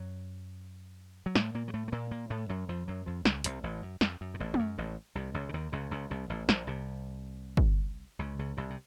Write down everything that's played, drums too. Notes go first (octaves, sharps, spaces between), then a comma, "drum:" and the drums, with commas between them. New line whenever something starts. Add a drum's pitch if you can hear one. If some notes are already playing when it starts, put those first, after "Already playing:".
Already playing: F#2 F#3
F#3
A2 A3, drum: snare
A#2 A#3
F#3
A2 A3
A3
A#2 A#3
A#2 A#3
A2 A3
F#2 F#3
F2 F3
F#2 F#3
F2 F3
C#2 C#3, drum: snare
C2 C3, drum: hi-hat
A1 A2
F#2
F2, drum: snare
F#2
A#2
A1 A2
F2, drum: tom G#3
F#2
A1 A2
C2 C3
C#2 C#3
C#3
D#2 D#3
C#2 C#3
C#2 C#3
C2 C3
A1 A2
A#1 A#2, drum: snare
C2 C3
drum: kick
C#2 C#3
C#2 C#3
C2 C3
C3